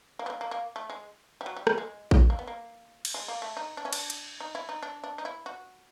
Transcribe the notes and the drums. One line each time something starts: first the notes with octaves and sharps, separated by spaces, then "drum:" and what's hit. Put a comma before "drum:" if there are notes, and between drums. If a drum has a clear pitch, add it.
A#3
B3
A#3
A#3
A#3
A3
G#3
G3
F#3
G3
G3, drum: rim click
G#3
drum: kick A1
A#3
B3
A#3
drum: cymbal
G#3
A#3
A3
D#4
D4
C#4
D4, drum: cymbal
drum: hi-hat
D#4
E4
D#4
D4
D4
D#4
E4
F#4